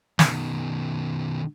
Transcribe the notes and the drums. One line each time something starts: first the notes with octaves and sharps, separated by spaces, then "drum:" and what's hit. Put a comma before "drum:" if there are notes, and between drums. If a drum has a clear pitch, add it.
B2 D#3, drum: snare